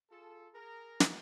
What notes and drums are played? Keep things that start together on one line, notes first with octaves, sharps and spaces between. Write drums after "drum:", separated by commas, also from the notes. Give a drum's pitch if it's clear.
F4 G#4 A4
G#4 A#4
drum: snare